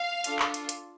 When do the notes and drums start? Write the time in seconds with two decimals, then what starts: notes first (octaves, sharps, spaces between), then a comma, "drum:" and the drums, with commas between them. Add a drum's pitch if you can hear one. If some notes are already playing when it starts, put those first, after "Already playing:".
Already playing: F5
0.24 D4 F4 A4, drum: hi-hat
0.39 drum: clap
0.54 drum: hi-hat
0.69 drum: hi-hat